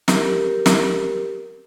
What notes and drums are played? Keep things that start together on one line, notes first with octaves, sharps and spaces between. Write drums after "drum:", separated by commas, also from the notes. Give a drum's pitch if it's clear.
G4 A#4, drum: snare
drum: snare